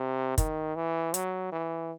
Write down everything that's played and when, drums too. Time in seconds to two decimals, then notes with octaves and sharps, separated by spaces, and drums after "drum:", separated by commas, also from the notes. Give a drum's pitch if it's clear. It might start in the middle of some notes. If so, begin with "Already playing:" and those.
Already playing: C3
0.38 D#3, drum: kick, hi-hat
0.76 E3
1.14 F#3, drum: hi-hat
1.52 E3